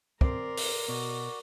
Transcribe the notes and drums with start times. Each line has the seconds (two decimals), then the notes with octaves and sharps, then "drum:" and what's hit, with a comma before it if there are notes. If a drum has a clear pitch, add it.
0.21 C4 A#4 D5 C6, drum: kick
0.57 drum: open hi-hat
0.88 B2 F#4 D5